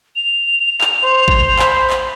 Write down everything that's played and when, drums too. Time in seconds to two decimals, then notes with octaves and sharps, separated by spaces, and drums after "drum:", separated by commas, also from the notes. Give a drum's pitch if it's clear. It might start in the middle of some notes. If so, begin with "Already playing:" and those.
0.16 F7
0.81 drum: clap
1.04 C5
1.28 drum: kick A1
1.59 B5, drum: clap
1.90 drum: clap